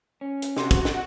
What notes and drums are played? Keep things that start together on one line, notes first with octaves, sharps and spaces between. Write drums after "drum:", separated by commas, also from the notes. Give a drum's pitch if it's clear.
C#4
drum: hi-hat
C3 F#4 C6, drum: snare
drum: kick, hi-hat
drum: snare